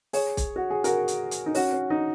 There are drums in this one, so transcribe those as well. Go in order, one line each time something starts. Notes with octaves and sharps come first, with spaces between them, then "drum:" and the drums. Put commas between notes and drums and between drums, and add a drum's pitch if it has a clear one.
G#4 C#5, drum: open hi-hat
drum: kick, hi-hat
F#4
G#4
F#4 A#4, drum: hi-hat
drum: hi-hat
drum: hi-hat
D#4
C#4 F#4, drum: open hi-hat
C#4
D#4